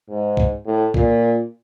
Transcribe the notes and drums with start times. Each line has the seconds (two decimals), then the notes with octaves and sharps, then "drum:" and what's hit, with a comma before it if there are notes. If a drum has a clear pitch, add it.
0.08 G#2
0.37 drum: kick
0.66 A2
0.94 A#2, drum: kick